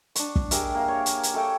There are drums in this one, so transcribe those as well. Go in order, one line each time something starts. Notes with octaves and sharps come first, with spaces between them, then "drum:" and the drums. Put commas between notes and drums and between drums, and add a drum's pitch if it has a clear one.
D4 C#6, drum: hi-hat
drum: kick
G4 G#4 A#4 E5, drum: hi-hat
A#3 F5
C#5
drum: hi-hat
drum: hi-hat
A4 C#5 E5 G5